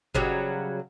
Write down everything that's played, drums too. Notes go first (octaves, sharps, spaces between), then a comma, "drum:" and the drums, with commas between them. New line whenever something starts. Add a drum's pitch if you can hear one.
C#3 F#3 G3, drum: kick G1